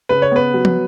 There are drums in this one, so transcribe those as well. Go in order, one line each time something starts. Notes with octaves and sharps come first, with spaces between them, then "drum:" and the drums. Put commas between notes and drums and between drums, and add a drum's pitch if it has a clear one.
C#3 B4
C#5
B3 B4
F#3
drum: tom